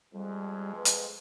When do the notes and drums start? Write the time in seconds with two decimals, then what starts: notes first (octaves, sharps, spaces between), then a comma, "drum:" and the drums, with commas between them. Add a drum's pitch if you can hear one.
0.14 F2 G3 G#3
0.76 B4
0.85 drum: hi-hat